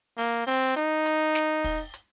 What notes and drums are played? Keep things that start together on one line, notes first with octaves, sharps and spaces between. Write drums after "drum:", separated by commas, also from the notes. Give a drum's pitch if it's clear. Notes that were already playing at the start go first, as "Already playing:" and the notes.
A#3, drum: open hi-hat
C4, drum: open hi-hat
D#4, drum: hi-hat
drum: hi-hat
drum: snare
drum: kick, open hi-hat
drum: hi-hat